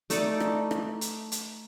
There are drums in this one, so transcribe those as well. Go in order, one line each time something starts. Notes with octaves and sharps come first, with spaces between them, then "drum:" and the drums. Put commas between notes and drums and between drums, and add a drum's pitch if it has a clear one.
A3 D#4 A4 D5, drum: hi-hat
drum: rim click
drum: rim click
drum: hi-hat
drum: hi-hat